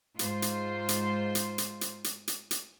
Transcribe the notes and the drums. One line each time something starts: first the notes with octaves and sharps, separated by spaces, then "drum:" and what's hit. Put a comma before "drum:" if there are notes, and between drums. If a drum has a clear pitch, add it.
G#2 F4 C5, drum: hi-hat
drum: hi-hat
drum: hi-hat
drum: hi-hat
drum: hi-hat
drum: hi-hat
drum: hi-hat
drum: hi-hat
drum: hi-hat